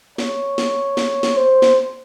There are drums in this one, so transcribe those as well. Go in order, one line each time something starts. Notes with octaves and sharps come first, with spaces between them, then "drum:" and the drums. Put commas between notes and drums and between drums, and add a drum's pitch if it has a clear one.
C#5, drum: snare
drum: snare
drum: snare
drum: snare
C5
drum: snare